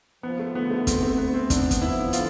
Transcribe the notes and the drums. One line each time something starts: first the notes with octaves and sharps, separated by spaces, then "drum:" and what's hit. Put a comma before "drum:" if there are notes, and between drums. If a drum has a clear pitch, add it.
F3 B3
A3
D3 B3
A3
D2 C4, drum: kick, hi-hat
A3
D2 B3
C4
B3 D4, drum: kick, hi-hat
drum: kick, hi-hat
F3 E4
D3 F4, drum: hi-hat